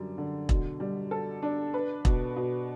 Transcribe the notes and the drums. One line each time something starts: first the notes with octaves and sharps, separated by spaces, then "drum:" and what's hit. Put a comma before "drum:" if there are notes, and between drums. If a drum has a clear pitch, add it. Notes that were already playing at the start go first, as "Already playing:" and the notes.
Already playing: F#2 D3 G3
D3
B2, drum: kick E1
G3
A4
D4
B4
B2, drum: kick E1
B2